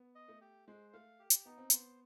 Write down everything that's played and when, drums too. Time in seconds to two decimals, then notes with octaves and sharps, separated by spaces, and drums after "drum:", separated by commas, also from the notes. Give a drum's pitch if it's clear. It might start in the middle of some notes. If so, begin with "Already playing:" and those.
Already playing: B3
0.15 D#5
0.28 A3
0.41 G4
0.67 G#3 C5
0.93 A3 F5
1.19 G4
1.30 drum: hi-hat
1.45 B3 D#4
1.58 C4
1.70 B3 C5, drum: hi-hat